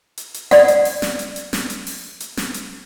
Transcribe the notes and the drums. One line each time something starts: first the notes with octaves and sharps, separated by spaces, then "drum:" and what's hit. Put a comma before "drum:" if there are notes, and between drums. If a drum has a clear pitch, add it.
drum: hi-hat
drum: hi-hat
D5 F#5, drum: snare
drum: hi-hat
drum: open hi-hat
drum: snare
drum: hi-hat
drum: hi-hat
drum: snare
drum: hi-hat
drum: open hi-hat
drum: hi-hat
drum: snare
drum: hi-hat